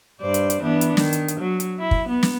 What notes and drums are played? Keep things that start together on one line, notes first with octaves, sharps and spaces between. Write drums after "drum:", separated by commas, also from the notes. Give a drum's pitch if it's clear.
G2 C5 D5
drum: hi-hat
drum: hi-hat
E3 B3 D4
drum: hi-hat
D#3, drum: snare
drum: hi-hat
drum: hi-hat
F#3
drum: hi-hat
E4
drum: kick
B3
drum: snare